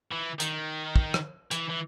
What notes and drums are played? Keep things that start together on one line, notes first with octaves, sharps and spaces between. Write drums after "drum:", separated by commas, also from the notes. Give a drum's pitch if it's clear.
E3
D#3, drum: hi-hat
drum: kick
drum: rim click
E3, drum: hi-hat
E3